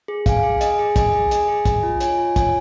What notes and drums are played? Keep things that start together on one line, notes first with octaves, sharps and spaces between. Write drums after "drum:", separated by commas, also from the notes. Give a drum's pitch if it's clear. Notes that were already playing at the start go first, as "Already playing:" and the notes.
G#4
F5 G#5, drum: kick, hi-hat
G#4
D#5 G#5, drum: hi-hat
G#4
D#5 G#5, drum: kick, hi-hat
G#4
D#5 G#5, drum: hi-hat
G#4
D#5 G#5, drum: kick, hi-hat
F4
C#5 G#5, drum: hi-hat
F4
C#5 G#5, drum: kick, hi-hat